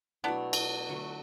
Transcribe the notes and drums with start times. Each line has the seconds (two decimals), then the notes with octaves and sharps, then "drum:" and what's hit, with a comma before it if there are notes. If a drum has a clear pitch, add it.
0.24 B2 F#3 A3 B3 D4 E4
0.53 drum: cymbal
0.89 D3 F#3 A3